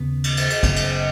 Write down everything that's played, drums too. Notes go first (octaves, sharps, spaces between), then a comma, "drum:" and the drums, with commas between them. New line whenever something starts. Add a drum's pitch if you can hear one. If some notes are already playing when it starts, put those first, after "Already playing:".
Already playing: D#2 C#3 B3
drum: cymbal
drum: cymbal
drum: cymbal
F#1 F#2 C#3 B3, drum: kick, cymbal
drum: cymbal